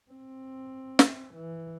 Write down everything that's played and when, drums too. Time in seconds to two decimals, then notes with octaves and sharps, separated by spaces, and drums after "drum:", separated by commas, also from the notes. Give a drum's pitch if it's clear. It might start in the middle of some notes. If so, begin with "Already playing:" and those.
0.11 C4
0.99 drum: snare
1.34 E3